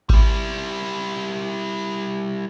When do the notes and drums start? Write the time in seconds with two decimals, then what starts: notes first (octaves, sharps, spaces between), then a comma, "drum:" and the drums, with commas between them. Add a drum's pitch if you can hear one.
0.09 G3 E4, drum: kick G#1